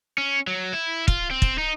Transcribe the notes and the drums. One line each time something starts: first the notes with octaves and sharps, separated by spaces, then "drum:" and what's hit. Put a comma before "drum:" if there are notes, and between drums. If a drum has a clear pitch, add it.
C#4
F#3
E4
F4, drum: kick
C4
drum: kick
D#4